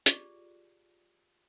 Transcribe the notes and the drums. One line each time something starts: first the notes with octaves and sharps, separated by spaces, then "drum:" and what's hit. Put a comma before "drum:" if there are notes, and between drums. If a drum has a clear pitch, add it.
F4 G4 G#4 D5, drum: hi-hat